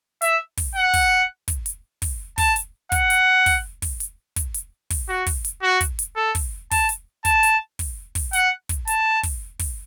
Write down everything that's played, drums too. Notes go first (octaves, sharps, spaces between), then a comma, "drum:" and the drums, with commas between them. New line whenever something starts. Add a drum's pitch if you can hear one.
E5, drum: hi-hat
drum: kick, open hi-hat
F#5
drum: kick, open hi-hat
drum: kick, hi-hat
drum: hi-hat
drum: kick, open hi-hat
A5, drum: kick, open hi-hat
drum: hi-hat
F#5, drum: kick, hi-hat
drum: hi-hat
drum: kick, open hi-hat
drum: kick, open hi-hat
drum: hi-hat
drum: kick, hi-hat
drum: hi-hat
drum: kick, open hi-hat
F#4
drum: kick, open hi-hat
drum: hi-hat
F#4
drum: kick, hi-hat
drum: hi-hat
A4
drum: kick, open hi-hat
A5, drum: kick, open hi-hat
drum: hi-hat
A5, drum: kick, hi-hat
drum: hi-hat
drum: kick, open hi-hat
drum: kick, open hi-hat
F#5, drum: hi-hat
drum: kick, hi-hat
A5, drum: hi-hat
drum: kick, open hi-hat
drum: kick, open hi-hat